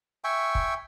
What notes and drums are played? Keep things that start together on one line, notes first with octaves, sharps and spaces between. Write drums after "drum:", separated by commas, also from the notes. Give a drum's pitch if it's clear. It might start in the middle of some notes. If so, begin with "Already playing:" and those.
E5 G5 G#5 C#6
drum: kick